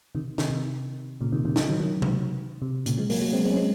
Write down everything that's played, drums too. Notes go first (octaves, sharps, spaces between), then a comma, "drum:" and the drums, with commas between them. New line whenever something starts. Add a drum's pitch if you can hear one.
C3 D#3
C3 D#3, drum: snare
C3
A#2 C#3
C3 D#3
C3 D#3
C#3 F3, drum: snare
D#3 F#3
D#3 F#3
drum: tom C3
C3
A#2 C#3, drum: hi-hat
F3 G#3
F#3 A#3, drum: open hi-hat
F#3 A#3
G#3 C4
G#3 C4
C#4
G#3 C4